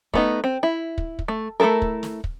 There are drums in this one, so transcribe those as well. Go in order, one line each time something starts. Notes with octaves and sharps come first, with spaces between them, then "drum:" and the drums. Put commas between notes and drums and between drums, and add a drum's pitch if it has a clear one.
A3 B3 D#4, drum: kick
C4
E4
drum: kick
drum: kick
A3
A3 E4 F4 A4 A#4
drum: kick
drum: snare
drum: kick